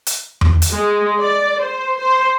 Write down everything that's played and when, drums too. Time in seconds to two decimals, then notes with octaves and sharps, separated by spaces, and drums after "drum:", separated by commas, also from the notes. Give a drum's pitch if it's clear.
0.06 drum: hi-hat
0.41 drum: tom E2
0.62 drum: hi-hat
0.71 G#3
1.20 D5
1.61 C5
2.00 C5